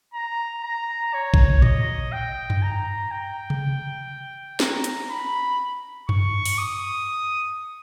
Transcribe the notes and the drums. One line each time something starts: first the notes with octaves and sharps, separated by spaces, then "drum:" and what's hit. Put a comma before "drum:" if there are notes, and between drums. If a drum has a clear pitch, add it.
A#5
A#5
C#5
drum: kick A#1
D#5, drum: tom A2
G5
drum: tom F#2
A#5
G5
drum: tom C3
A#5, drum: snare
drum: hi-hat
B5
C#6, drum: tom F#2
drum: open hi-hat
D#6